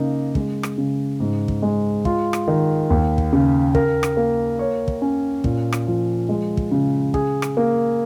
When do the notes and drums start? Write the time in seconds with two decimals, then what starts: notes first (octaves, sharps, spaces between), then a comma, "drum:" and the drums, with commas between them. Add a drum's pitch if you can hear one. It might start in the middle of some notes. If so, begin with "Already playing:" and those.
Already playing: C#3 A#3 D#4
0.35 G#3, drum: kick
0.63 drum: rim click
0.78 C#3
1.20 G#2
1.48 drum: kick
1.62 G#3
2.05 F4, drum: kick
2.33 drum: rim click
2.47 D#3
2.90 D#2
3.18 drum: kick
3.33 C#3
3.75 A#4, drum: kick
4.03 drum: rim click
4.17 A#3
4.59 C#5
4.88 drum: kick
5.02 C#4
5.44 A#2, drum: kick
5.72 drum: rim click
5.87 F3
6.29 G#3
6.57 drum: kick
6.71 C#3
7.14 G#4, drum: kick
7.42 drum: rim click
7.57 A#3